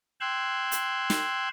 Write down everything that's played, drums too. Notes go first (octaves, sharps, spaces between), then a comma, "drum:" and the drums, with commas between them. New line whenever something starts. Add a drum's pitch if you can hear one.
G5 C6 E6 F#6 G#6
drum: hi-hat
drum: snare